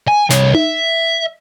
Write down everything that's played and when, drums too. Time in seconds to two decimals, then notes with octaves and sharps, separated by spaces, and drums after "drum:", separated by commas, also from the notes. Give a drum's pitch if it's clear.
0.08 G#5
0.30 C2 C#5, drum: snare
0.54 E5, drum: tom D#4